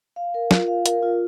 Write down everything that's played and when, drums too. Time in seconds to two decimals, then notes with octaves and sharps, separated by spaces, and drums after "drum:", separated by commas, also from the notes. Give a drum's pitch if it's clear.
0.16 F5
0.34 A#4
0.51 F4, drum: snare
0.68 F5
0.86 A#4, drum: hi-hat
1.03 F4